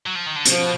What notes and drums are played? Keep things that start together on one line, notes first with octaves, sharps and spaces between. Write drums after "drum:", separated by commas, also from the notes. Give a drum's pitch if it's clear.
F#3
F3
D#3
D3
B2 F3, drum: hi-hat